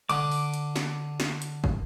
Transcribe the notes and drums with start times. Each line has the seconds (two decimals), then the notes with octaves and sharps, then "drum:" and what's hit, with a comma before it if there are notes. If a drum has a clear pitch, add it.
0.10 D3 D6, drum: hi-hat
0.32 drum: open hi-hat
0.54 drum: hi-hat
0.76 drum: snare
1.20 drum: snare
1.42 drum: hi-hat
1.64 drum: kick